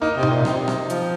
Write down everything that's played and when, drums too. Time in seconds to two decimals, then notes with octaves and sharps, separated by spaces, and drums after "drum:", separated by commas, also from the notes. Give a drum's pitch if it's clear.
0.01 A#3 D#4
0.16 C3
0.23 D#4, drum: tom B2
0.30 A#2
0.45 C3 D#4, drum: rim click
0.68 drum: rim click
0.90 F3, drum: hi-hat